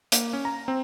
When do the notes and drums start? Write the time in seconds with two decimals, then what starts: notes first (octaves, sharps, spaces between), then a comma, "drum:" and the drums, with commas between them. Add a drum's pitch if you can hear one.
0.12 A#3, drum: hi-hat
0.33 C#4
0.45 A#5
0.68 C4